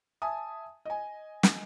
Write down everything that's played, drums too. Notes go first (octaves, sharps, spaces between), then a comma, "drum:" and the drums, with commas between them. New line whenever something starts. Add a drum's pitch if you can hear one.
E5 G#5 A5 D#6
D#5 G#5
drum: snare